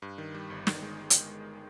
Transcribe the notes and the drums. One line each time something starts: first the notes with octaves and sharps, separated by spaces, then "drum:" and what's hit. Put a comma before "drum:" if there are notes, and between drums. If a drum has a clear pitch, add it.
G2
D#3
G3
G1
D#3, drum: snare
G#3
drum: hi-hat